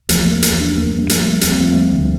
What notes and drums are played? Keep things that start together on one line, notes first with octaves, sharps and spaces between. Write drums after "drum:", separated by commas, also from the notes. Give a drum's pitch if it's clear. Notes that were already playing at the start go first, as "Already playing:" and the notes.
E2 F3 A3, drum: hi-hat
A#3
E2, drum: hi-hat
D4
A#3
G2
F3 A3 A#3, drum: hi-hat
G3
E2 C4, drum: hi-hat
A#3
F3 A3 C4
G3
D2